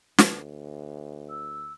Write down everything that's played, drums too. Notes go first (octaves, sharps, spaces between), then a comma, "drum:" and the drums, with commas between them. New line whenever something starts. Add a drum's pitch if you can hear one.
D2, drum: snare
E6